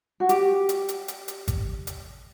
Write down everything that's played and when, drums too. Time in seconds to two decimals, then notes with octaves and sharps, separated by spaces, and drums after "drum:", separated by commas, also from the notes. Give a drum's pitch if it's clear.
0.20 F#4
0.29 G4, drum: hi-hat
0.69 drum: hi-hat
0.89 drum: hi-hat
1.08 drum: hi-hat
1.28 drum: hi-hat
1.48 drum: kick G#1, hi-hat
1.87 drum: hi-hat